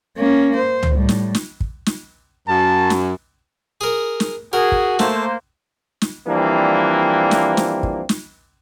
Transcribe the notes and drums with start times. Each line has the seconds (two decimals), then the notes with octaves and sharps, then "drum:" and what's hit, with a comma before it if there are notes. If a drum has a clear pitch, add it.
0.17 A#3 C#4
0.56 C5
0.83 drum: tom C#2
0.93 A2 G3
1.09 drum: snare
1.35 drum: snare
1.60 drum: kick
1.86 drum: snare
2.48 F#2 A5
2.90 drum: snare
3.81 G#4 A#4
4.20 drum: snare
4.53 F#4 G#4 A#4
4.72 drum: kick
4.99 A3 A#3 C5, drum: snare
6.02 drum: snare
6.27 E3 F3 G3 A#3 C4 D4
7.31 drum: snare
7.57 drum: snare
7.83 drum: kick
8.09 drum: snare